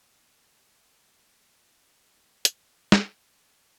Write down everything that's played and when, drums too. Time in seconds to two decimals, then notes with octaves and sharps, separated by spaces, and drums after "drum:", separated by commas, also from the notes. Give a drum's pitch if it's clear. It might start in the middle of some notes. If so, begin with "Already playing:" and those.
Already playing: A#2 G3 A#3 D4
0.24 A#1 A2 G3 A#3
0.56 A2 A3 D#4 G4
0.88 F1 D#2 D3 A3
1.19 G2 D3 A3
1.51 A#2 F3 C4 D#4
1.82 G2 D#3 A#3 D#4 G4
2.13 A2 G3 C4 G4
2.45 F1 F2 D#3, drum: hi-hat
2.77 G1 G2 D3
2.92 drum: snare
3.09 F1 D#2 D#3 A3
3.40 C2 A#2 G3